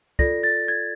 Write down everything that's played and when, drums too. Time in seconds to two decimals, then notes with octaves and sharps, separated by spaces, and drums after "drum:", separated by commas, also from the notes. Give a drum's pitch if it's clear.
0.19 F4 A4 D5 A#6, drum: kick
0.43 A6
0.68 G#6